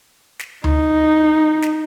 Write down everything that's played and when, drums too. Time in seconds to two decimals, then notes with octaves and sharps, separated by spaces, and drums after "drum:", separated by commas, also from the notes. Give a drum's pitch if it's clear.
0.39 drum: snare
0.64 D#4, drum: tom D2
1.62 drum: snare